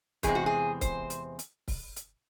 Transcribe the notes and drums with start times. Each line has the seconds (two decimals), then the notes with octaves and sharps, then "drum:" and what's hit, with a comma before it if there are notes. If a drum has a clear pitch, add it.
0.23 E2 C3 G#3 C4 G#4, drum: kick C#1, hi-hat
0.35 F#4
0.46 G#4
0.81 C5, drum: kick C#1, hi-hat
1.10 drum: hi-hat
1.39 drum: hi-hat
1.68 drum: kick C#1, open hi-hat
1.96 drum: hi-hat